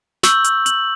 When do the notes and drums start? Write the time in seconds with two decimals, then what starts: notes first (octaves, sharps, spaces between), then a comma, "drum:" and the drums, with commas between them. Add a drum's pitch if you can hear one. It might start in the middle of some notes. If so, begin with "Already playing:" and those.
0.23 C#6 E6 G6 F#7, drum: snare
0.44 drum: hi-hat
0.66 F#7, drum: hi-hat